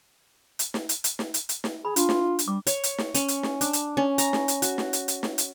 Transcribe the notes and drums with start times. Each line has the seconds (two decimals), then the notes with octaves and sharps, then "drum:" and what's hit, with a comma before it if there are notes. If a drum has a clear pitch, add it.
0.59 drum: hi-hat
0.74 drum: snare
0.89 drum: hi-hat
1.04 drum: hi-hat
1.19 drum: snare
1.34 drum: hi-hat
1.49 drum: hi-hat
1.64 drum: snare
1.85 G#4 B5
1.96 D4 F4, drum: hi-hat
2.09 drum: snare
2.39 drum: hi-hat
2.48 G3 D6
2.67 C#5, drum: hi-hat
2.83 drum: hi-hat
2.98 drum: snare
3.14 C#4, drum: hi-hat
3.28 drum: hi-hat
3.43 drum: snare
3.61 D4, drum: hi-hat
3.73 drum: hi-hat
3.97 C#4
4.18 A#5, drum: hi-hat
4.33 drum: snare
4.48 drum: hi-hat
4.62 F#4, drum: hi-hat
4.78 drum: snare
4.93 drum: hi-hat
5.08 drum: hi-hat
5.23 drum: snare
5.38 drum: hi-hat